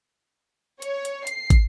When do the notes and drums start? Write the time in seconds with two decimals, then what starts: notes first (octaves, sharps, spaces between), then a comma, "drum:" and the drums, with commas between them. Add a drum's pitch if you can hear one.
0.82 C#5, drum: hi-hat
1.05 drum: hi-hat
1.27 C7, drum: hi-hat
1.50 drum: kick, hi-hat